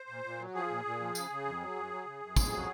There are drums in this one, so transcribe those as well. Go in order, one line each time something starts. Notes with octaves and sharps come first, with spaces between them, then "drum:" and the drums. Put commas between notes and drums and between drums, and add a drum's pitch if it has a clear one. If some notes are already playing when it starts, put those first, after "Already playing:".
Already playing: C5
A#2
A#2
F#3
F3 G#4
A#2
A#2
F3
C#3, drum: tambourine
C#3
F2
F#3
F#2
F#3
C#3
F#2
F2, drum: kick, tambourine
F#3